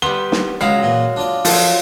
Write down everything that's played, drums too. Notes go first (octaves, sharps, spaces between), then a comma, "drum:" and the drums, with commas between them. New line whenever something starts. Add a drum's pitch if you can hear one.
G3 B3 C6 G7
drum: snare
C#2 F#3 G#3 F5 A#5 B5
A#2 E3
D4 F4 D5
F3 F#3 F4 A4, drum: open hi-hat